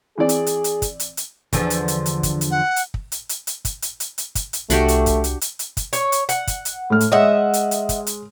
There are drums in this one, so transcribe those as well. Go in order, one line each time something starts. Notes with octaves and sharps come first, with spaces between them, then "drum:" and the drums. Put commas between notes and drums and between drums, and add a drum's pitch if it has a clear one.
E3 C4 G#4 D5
drum: hi-hat
drum: hi-hat
drum: hi-hat
drum: kick, hi-hat
drum: hi-hat
drum: hi-hat
E2 D3 F3, drum: kick, hi-hat
drum: hi-hat
drum: hi-hat
drum: hi-hat
drum: kick, hi-hat
drum: hi-hat
F#5
drum: hi-hat
drum: kick
drum: hi-hat
drum: hi-hat
drum: hi-hat
drum: kick, hi-hat
drum: hi-hat
drum: hi-hat
drum: hi-hat
drum: kick, hi-hat
drum: hi-hat
C2 A3 D4 F#4 G4, drum: hi-hat
drum: hi-hat
drum: kick, hi-hat
drum: hi-hat
drum: hi-hat
drum: hi-hat
drum: kick, hi-hat
C#5, drum: hi-hat
drum: hi-hat
F#5, drum: hi-hat
drum: kick, hi-hat
drum: hi-hat
A2 A3 F6
drum: hi-hat
G#3 C#5 D#5 E5 F#5
drum: hi-hat
drum: hi-hat
drum: kick, hi-hat
drum: hi-hat